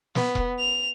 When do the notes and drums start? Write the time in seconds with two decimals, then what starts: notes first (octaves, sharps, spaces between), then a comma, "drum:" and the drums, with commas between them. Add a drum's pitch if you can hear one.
0.15 B3, drum: snare
0.35 drum: kick E1
0.59 F7